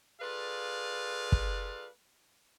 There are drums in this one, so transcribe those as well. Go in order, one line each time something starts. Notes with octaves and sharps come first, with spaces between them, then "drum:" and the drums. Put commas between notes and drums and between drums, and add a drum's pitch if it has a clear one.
F4 G#4 A4 B4 D5 F5
drum: kick